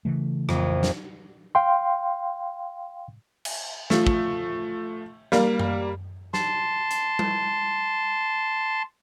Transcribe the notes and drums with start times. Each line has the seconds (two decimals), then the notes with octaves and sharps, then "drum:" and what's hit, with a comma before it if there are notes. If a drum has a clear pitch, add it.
0.05 C#3 E3 A3
0.49 A#1 F2, drum: rim click
0.83 drum: snare
1.55 F5 G5 C6
3.45 drum: cymbal
3.90 F3 A3, drum: snare
4.07 drum: kick
5.32 G3 A#3, drum: snare
5.59 drum: tom F#2
6.34 A5 C6, drum: snare
6.91 drum: hi-hat
7.19 drum: tom G3